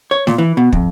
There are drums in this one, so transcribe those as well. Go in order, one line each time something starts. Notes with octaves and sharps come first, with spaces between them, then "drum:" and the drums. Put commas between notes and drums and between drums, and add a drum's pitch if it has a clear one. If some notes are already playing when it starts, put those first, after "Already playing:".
C#5
A#2, drum: snare
E3
B2
F2, drum: kick